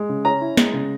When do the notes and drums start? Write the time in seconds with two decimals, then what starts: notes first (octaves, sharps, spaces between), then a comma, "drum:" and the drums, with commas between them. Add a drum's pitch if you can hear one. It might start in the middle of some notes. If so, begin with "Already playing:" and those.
Already playing: G#3
0.09 C#3
0.25 C#4 A#5
0.41 E4
0.57 G#3, drum: snare
0.74 C#3